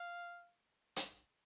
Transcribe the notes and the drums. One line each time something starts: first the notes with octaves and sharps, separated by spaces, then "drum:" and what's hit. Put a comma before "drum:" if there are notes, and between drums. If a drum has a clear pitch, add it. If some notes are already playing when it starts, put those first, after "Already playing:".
Already playing: F5
drum: hi-hat